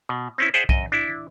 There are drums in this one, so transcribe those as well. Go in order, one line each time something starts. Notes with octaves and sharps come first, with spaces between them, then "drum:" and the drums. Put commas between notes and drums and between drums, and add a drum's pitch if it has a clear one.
B2
C4 C#4 E4
G#4 C5 D5 E5 F#5 G5
F#2 D#5, drum: kick
D4 E4